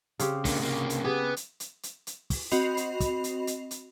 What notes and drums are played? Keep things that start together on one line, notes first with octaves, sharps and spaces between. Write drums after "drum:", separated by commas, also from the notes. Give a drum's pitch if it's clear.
C#3 C4 G4, drum: hi-hat
D3 A#3, drum: kick, open hi-hat
C2 A#3
drum: hi-hat
B3 G4 G#4
drum: hi-hat
drum: hi-hat
drum: hi-hat
drum: hi-hat
drum: kick, open hi-hat
C4 F#4 D#5 B5 C7 F7, drum: hi-hat
drum: hi-hat
drum: kick, hi-hat
drum: hi-hat
drum: hi-hat
drum: hi-hat